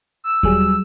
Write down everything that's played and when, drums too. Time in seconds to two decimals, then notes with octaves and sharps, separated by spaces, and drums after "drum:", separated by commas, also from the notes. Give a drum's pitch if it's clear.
0.24 E6
0.43 F#3 G3 G#4, drum: kick D#2